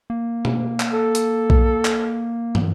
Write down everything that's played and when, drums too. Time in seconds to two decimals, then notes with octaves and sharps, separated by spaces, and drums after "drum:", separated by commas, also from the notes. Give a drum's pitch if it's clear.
0.10 A#3
0.45 drum: tom B2
0.80 drum: clap
0.93 A4
1.15 drum: hi-hat
1.50 drum: kick B1
1.85 drum: clap
2.55 drum: tom